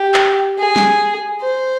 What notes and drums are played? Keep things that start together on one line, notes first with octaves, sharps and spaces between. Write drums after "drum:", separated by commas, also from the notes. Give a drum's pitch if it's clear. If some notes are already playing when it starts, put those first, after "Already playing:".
Already playing: G4
drum: clap
G#4
drum: snare
C5